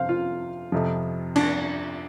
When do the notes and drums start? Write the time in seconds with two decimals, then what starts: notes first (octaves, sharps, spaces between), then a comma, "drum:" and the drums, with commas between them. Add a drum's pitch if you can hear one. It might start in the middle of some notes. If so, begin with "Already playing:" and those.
Already playing: F2 C3 F3 C5 F5
0.09 F4
0.72 F2 C3 F3
1.36 D4, drum: cymbal